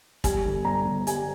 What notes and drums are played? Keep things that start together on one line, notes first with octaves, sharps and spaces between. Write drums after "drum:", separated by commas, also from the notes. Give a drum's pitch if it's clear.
G3 G#5, drum: kick, hi-hat
G1
G2 A#5
G1
G3 G#5, drum: hi-hat